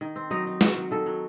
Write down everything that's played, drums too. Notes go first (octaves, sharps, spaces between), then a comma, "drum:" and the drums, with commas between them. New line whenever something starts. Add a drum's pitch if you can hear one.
D#3
C4
F#3 D#4
D#4
D#3 F#4, drum: snare
F#3
D#3 A4
F#3